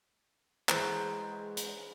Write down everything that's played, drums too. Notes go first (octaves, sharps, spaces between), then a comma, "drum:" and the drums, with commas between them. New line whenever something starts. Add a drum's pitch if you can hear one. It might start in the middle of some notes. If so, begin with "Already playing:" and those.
E3 G#3 G#4 B4 C5 F#5 A#5 C#6, drum: clap
drum: hi-hat